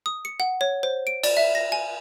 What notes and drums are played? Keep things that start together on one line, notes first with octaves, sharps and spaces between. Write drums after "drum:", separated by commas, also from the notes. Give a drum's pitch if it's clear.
D#6
C#7
F#5
C#5
C5
D7
D5, drum: cymbal
E5
A#6
G#5